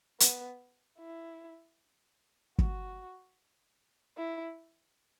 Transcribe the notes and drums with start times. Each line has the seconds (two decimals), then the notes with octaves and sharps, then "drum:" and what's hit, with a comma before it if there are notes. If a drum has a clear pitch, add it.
0.20 B3, drum: hi-hat
0.99 E4
2.58 F#4, drum: kick
4.17 E4